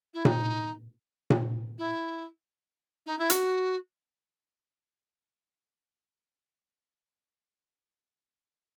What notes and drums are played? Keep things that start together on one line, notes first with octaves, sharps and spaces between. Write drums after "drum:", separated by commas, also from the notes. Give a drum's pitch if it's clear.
E4
D#4, drum: tom A#2
drum: tom A#2
E4
D#4
E4
F#4, drum: hi-hat